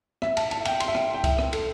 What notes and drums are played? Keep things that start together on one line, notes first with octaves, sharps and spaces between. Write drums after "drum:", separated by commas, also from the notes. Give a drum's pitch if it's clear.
E5, drum: rim click
A5, drum: cymbal
A5, drum: cymbal
E5
G5, drum: cymbal
C6, drum: cymbal
E5
G5, drum: rim click
G5
E5, drum: kick C2, cymbal
drum: rim click
A4, drum: cymbal